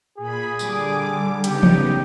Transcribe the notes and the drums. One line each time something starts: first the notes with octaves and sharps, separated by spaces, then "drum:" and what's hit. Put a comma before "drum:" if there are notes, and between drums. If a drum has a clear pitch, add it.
A#2 G#4 B5
D3 G3 D6, drum: tambourine
C#3 B3 D#4 G4, drum: hi-hat
drum: tom E3